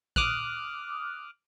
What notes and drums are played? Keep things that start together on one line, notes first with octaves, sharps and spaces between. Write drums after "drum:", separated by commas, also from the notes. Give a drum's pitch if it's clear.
D6 D#6 F6 F#6, drum: kick